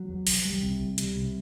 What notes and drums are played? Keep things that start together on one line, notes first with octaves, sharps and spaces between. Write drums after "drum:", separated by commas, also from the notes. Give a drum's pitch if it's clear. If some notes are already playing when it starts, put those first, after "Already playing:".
Already playing: F#3
E2
C2, drum: open hi-hat
G3
C3
C2
G3, drum: hi-hat
C3